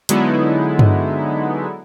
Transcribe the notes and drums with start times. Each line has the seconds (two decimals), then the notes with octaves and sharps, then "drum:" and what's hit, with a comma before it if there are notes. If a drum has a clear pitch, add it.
0.09 D3 F#3 G#3 B3 D#4 E4, drum: hi-hat
0.79 drum: tom G2